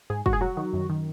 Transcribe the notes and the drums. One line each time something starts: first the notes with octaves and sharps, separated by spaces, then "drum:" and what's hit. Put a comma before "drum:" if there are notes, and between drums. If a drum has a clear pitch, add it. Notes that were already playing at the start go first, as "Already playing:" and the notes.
G#2 G#4
G#2 F#4, drum: kick
G#4
F#3 F#4
D#3
F#2
D#3